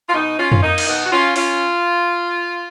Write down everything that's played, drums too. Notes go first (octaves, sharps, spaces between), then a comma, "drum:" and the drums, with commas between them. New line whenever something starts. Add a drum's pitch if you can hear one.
F4
B2 D#4
C#4 F4
F4, drum: tom F2
A#3 D#4
drum: cymbal
B2 D#4
F#4
C#4 F4
C#4 F4, drum: open hi-hat